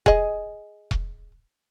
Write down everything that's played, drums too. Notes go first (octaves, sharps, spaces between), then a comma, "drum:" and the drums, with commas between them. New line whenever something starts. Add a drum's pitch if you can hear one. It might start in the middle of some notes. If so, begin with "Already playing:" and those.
G#4 D#5, drum: kick E1
drum: kick E1